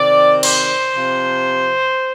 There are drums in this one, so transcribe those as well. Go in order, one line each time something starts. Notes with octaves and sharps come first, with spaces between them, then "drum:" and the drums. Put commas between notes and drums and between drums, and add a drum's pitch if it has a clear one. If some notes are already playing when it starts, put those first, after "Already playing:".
Already playing: C3 D#3 D5
C5, drum: cymbal
C3 F3